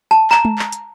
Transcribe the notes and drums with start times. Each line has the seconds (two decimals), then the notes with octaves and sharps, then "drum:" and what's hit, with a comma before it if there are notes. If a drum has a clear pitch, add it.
0.11 A5
0.31 A#5, drum: clap
0.45 drum: tom G#3
0.59 drum: clap
0.72 drum: hi-hat